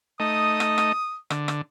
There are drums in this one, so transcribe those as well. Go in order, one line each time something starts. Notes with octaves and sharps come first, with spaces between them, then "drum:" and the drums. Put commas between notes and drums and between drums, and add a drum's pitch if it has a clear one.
A3 D#4 D#5 D#6
drum: rim click
drum: rim click
D3, drum: rim click
drum: rim click